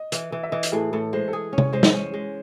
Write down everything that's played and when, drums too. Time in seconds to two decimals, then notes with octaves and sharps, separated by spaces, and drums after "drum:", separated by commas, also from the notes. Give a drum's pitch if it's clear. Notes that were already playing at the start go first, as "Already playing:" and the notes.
Already playing: D#5
0.12 E3, drum: hi-hat
0.32 E3
0.43 E5
0.52 E3 D#5
0.63 drum: hi-hat
0.72 A2 G#4
0.93 A2 A4
1.13 G#3 C5
1.28 A4
1.33 G#4
1.53 C#4
1.58 C#5, drum: tom C3
1.73 G#3 C5
1.83 drum: snare
1.93 C#4
2.14 G#3